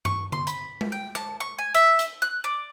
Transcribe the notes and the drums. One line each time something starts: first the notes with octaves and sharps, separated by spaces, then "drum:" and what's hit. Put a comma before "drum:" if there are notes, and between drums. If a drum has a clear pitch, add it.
C#6, drum: tom G2
C6, drum: tom D3
B5, drum: hi-hat
drum: tom G#3
G5
A5, drum: rim click
C#6
G#5
E5, drum: hi-hat
drum: hi-hat
F#6
D5